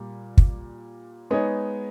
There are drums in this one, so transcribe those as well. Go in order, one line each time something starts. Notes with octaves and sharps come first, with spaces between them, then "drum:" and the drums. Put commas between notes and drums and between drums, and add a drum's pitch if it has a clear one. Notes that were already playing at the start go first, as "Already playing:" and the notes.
Already playing: A#2 G3
drum: kick
G#3 B3 D#4 G#4 C#5